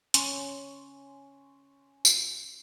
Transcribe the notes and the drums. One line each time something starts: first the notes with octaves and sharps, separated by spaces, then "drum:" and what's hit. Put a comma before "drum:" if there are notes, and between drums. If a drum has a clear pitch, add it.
C#4 G#5 C6 C#6, drum: hi-hat
drum: tambourine